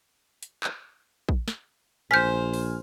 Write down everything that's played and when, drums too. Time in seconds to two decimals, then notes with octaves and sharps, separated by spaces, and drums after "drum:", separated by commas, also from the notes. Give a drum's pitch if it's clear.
0.43 drum: hi-hat
0.64 drum: clap
1.29 drum: kick
1.48 drum: snare
2.11 A#1 C5 G#5 F6 G6 B6
2.54 drum: open hi-hat